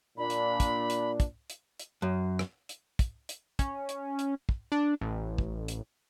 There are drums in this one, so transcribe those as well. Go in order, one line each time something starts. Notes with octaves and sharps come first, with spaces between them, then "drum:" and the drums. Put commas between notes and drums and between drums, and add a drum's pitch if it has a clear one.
A#2 D4 B5
drum: hi-hat
drum: kick, hi-hat
drum: hi-hat
drum: kick, hi-hat
drum: hi-hat
drum: hi-hat
F#2
drum: rim click
drum: hi-hat
drum: kick, hi-hat
drum: hi-hat
C#4, drum: kick, hi-hat
drum: hi-hat
drum: hi-hat
drum: kick
D4
A1
drum: kick
drum: hi-hat